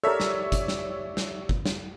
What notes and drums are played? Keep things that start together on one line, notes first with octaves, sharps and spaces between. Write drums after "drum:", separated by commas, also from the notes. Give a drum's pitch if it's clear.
G4 A4 A#4 C#5 D5 E5 E6
drum: snare
drum: kick G1, hi-hat
drum: snare
drum: snare
drum: kick G1
drum: snare